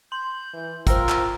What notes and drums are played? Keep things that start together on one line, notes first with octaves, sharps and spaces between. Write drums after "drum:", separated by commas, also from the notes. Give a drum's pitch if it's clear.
C6 G6 F#7
E3
F4 A#4 C5 F5 G5 E6, drum: kick, hi-hat
drum: clap